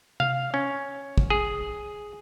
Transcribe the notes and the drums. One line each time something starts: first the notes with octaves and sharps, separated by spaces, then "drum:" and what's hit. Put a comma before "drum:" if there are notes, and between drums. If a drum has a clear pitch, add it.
F5, drum: tom C3
C#4
drum: kick
G#4